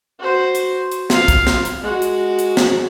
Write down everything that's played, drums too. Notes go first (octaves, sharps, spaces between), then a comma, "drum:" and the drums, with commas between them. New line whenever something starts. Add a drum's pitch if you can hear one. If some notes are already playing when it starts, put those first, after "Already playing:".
F#4 C5
drum: hi-hat
drum: hi-hat
F4 F5, drum: snare
drum: kick, hi-hat
drum: snare
drum: hi-hat
G#3 F#4
drum: hi-hat
drum: hi-hat
drum: snare